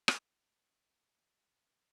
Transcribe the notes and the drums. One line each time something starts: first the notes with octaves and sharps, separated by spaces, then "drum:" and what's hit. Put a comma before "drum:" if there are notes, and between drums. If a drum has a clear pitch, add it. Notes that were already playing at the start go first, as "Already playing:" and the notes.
drum: rim click
G#4 A#4
D3 E3 B3